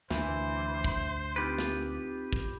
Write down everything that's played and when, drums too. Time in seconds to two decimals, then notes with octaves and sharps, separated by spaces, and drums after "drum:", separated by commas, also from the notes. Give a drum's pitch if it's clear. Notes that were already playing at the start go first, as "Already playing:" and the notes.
0.10 D2 E3 C5 E5, drum: snare
0.84 drum: kick
1.36 C4 D#4 F4 G4 B4
1.59 drum: snare
2.33 drum: kick